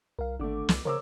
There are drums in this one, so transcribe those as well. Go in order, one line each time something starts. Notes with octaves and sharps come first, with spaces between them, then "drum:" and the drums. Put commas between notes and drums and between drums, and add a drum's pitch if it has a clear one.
C2 A#4 F5
G#1 D3 A3 D4 D6
C2, drum: snare
C#3 A#4 C5 C#5 A#5 D6 E6